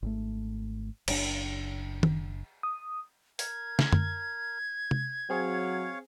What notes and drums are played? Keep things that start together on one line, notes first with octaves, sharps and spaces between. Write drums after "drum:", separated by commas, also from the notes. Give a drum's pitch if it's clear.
G#1 A3
F#1 A2 D4, drum: cymbal
drum: tom D#3
D#6
A#4 G#6, drum: open hi-hat
drum: snare
drum: tom F#2
drum: tom C3
F#3 C4 G#4 C#5 F5